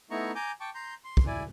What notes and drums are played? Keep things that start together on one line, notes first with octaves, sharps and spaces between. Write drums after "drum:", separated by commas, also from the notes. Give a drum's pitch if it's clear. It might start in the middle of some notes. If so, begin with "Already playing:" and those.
A3 B3 D#4 E4 A#5 C#6
G#5 A#5 D6 G6
G5 A5 C#6 D6
A#5 C6 G6
C6
drum: kick
E4 D5 G#5